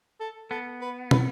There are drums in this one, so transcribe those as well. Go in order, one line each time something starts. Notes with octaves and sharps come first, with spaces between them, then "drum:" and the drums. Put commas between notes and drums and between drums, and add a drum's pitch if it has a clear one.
A4
B3 A4
B4
B4, drum: tom